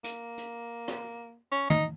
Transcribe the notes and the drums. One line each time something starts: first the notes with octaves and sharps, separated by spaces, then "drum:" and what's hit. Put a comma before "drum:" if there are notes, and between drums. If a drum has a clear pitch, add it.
A#3, drum: hi-hat
drum: hi-hat
drum: rim click
C#4
D#4, drum: tom